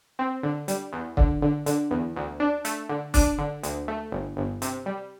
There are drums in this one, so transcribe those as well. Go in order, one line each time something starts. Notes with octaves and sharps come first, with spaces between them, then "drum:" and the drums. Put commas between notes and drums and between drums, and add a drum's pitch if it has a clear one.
C4
D3
G3, drum: hi-hat
E2
D3, drum: kick C#1
D3
D3, drum: hi-hat
E2
D2
D4
A3, drum: hi-hat
D3
D4, drum: kick C#1, open hi-hat
D3
D2, drum: hi-hat
A3
G1
G1
C3, drum: hi-hat
G3